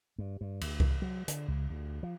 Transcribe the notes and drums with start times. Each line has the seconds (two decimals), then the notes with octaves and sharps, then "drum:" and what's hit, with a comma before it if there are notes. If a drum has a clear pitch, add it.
0.18 G2
0.41 G2
0.61 D2, drum: cymbal
0.80 drum: kick C2
1.02 F#3
1.28 D3, drum: hi-hat
1.48 C#2
1.70 D2
2.03 F3